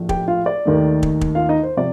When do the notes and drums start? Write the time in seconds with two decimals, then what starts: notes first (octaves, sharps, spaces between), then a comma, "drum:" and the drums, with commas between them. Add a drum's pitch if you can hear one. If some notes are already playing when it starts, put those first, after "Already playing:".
Already playing: A#1 A2 F3 A3
0.09 G4 G5, drum: kick
0.28 F4 F5
0.46 D5
0.65 D#2 D#3 A3
1.03 drum: kick
1.21 drum: kick
1.35 F4 F5
1.49 D#4 D#5
1.63 C5
1.77 C3 F3 D5